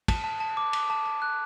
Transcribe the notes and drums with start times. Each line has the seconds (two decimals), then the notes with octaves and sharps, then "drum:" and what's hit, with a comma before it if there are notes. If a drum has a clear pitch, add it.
0.08 A5, drum: kick, cymbal
0.24 A5
0.40 A5
0.57 D6
0.73 D6, drum: cymbal
0.90 A5
1.06 A5
1.22 F#6